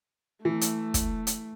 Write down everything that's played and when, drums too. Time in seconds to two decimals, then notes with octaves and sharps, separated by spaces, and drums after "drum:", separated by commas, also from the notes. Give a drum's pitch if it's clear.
0.45 E3 A3
0.61 drum: hi-hat
0.94 drum: kick, hi-hat
1.27 drum: hi-hat